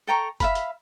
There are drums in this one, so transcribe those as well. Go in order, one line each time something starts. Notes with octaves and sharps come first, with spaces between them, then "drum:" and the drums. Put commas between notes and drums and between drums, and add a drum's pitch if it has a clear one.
A4 G5 A#5 C#6
E5 F5 B5, drum: kick F#1, hi-hat
drum: hi-hat